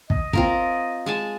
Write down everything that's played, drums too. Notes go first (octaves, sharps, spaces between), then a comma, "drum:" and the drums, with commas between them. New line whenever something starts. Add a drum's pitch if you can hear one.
D#5, drum: kick
C4 F4 A#4, drum: kick
G#3 G#5 A5